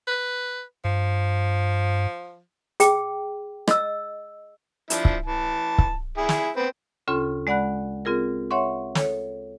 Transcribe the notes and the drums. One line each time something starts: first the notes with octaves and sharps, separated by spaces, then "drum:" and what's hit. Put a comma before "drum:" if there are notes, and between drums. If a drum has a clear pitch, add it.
B4
G2 F3
G#4 G5, drum: hi-hat
D#5 E6, drum: rim click
F3 D4 E4, drum: hi-hat
drum: kick C#1
E3 A5
drum: kick C#1
E4 G#4
drum: snare
B3 C4 B4
D2 C#3 C#4 F4 A4 C6
G#3 D5 F#5 B5 F#6
C4 F4 G#4 A#4
C#5 E5 F#5 C6 C#6
A4 C#5, drum: snare